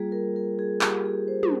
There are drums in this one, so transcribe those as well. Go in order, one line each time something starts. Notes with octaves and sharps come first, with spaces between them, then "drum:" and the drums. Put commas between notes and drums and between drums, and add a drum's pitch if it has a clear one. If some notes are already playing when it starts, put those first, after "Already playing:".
Already playing: G3 A#3 F4 G#4
A#4
A#4
G#4
G4, drum: clap
G#4
C5
drum: tom